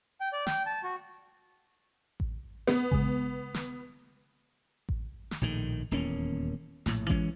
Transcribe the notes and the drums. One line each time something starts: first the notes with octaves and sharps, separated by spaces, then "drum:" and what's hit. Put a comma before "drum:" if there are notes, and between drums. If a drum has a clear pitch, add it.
G5
D5
G5, drum: snare
A5
F#4
drum: kick A1
B3, drum: snare
C#3 G#3, drum: kick A1
drum: snare
drum: kick A1
drum: snare
A#1 A2 D#3
D#1 E2 A#3 C#4
A#1 A2, drum: snare
E3 G#3 C#4, drum: kick A1